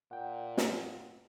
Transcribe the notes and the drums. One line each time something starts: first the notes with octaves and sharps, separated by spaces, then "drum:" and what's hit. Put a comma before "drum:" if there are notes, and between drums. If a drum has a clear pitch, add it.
A#2 F#5 G5
drum: snare